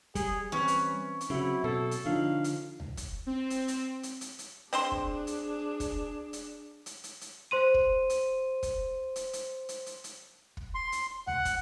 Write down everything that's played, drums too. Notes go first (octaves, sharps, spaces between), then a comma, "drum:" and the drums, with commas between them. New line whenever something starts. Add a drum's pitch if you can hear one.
G3 G#4, drum: kick, hi-hat
E3 C4 C#4 B4
drum: hi-hat
drum: hi-hat
C#3 F#3 C4 E4 C#7
B2 A4
drum: hi-hat
D3 F3 D4 D#4 F5
drum: hi-hat
drum: tom C#2
drum: kick, hi-hat
C4
drum: hi-hat
drum: hi-hat
drum: hi-hat
drum: hi-hat
drum: hi-hat
C4 D4 G#4 C5 C6, drum: hi-hat
drum: kick
drum: hi-hat
drum: kick, hi-hat
drum: hi-hat
drum: hi-hat
drum: hi-hat
drum: hi-hat
C5 C6 D#7
drum: kick
drum: hi-hat
drum: kick, hi-hat
drum: hi-hat
drum: hi-hat
drum: hi-hat
drum: hi-hat
drum: hi-hat
drum: kick
C6
drum: hi-hat
F#5, drum: tom C#2
drum: kick, hi-hat